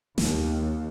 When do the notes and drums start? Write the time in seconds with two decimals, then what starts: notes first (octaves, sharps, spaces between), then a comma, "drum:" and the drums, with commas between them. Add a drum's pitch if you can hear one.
0.18 D#2, drum: snare